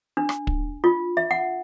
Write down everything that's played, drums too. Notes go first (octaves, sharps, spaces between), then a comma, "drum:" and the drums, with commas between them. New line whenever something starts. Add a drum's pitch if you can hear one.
D4
drum: rim click
drum: kick
F4
E5
F#5